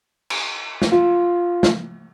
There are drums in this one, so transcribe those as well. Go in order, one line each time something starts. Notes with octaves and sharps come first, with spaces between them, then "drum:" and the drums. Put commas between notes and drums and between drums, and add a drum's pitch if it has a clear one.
drum: cymbal
drum: snare
F4
drum: snare